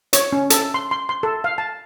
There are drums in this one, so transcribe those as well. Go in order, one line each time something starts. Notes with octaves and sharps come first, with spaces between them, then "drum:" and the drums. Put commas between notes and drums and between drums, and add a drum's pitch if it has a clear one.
C#5, drum: hi-hat
C#4
A4, drum: hi-hat
C6
C6
C6
A4
F5
A5